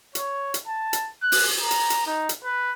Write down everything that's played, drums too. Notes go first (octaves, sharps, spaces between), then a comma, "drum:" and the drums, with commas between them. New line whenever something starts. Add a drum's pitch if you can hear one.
C#5, drum: hi-hat
drum: hi-hat
A5
drum: hi-hat
F#6
drum: open hi-hat
A#5
drum: hi-hat
drum: hi-hat
D#4
drum: hi-hat
B4